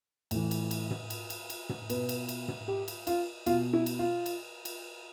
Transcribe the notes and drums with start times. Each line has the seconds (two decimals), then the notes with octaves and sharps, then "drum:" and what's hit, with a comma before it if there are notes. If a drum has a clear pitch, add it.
0.31 A2 E3, drum: cymbal
0.51 drum: cymbal
0.71 drum: cymbal
0.91 drum: tom
1.10 drum: cymbal
1.30 drum: cymbal
1.50 drum: cymbal
1.69 drum: tom
1.90 B2 B4, drum: cymbal
2.09 drum: cymbal
2.29 drum: cymbal
2.48 drum: tom
2.68 G4
2.88 drum: cymbal
3.07 F4, drum: cymbal
3.46 B2 F4, drum: cymbal
3.73 E4
3.86 drum: cymbal
3.99 F4
4.26 drum: cymbal
4.65 drum: cymbal